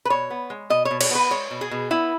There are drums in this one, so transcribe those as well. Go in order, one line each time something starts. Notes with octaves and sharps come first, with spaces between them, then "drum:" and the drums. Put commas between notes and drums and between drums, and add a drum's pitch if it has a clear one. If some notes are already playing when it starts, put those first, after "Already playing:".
B4
B2 C#5
B3
G#3
B2 D#5
C#5
B2
C#5, drum: cymbal
B3 B4
G#3 C#5
B2
G#4
B2
B3 E4